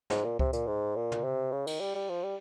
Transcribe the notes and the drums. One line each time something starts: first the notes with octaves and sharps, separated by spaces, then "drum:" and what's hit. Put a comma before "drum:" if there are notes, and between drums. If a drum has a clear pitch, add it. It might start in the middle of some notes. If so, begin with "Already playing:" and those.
G#2, drum: snare
A#2
C3, drum: kick C#2
A#2, drum: hi-hat
G#2
A#2
drum: tom
C3
C#3
D#3, drum: cymbal
G3
G3
F3
G3